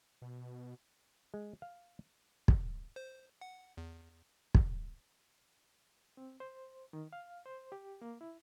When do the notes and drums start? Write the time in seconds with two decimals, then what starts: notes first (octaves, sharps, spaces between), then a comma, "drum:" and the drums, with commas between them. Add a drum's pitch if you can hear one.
0.22 B2
1.34 G#3
1.62 F5
2.48 drum: kick
2.96 C5
3.41 F#5
3.77 E2
4.55 drum: kick
6.17 C4
6.40 C5
6.93 D#3
7.13 F5
7.46 C5
7.72 G4
8.02 A#3
8.21 E4